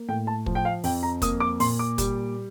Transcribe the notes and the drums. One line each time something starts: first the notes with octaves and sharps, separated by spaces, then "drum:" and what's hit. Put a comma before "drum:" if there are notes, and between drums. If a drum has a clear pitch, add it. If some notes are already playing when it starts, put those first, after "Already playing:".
Already playing: A#3
A2 G5
A5
F3, drum: kick
G5
F5
F2 G5, drum: open hi-hat
A#5
A#3 D#6, drum: kick, hi-hat
D6
A#2 C6, drum: open hi-hat
D6
G3, drum: kick, hi-hat